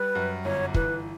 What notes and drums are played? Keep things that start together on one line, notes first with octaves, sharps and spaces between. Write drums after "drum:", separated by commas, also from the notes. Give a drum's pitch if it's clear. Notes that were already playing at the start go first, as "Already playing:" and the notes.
Already playing: G3 B4
F#2
G1 C#5
E3 B4, drum: kick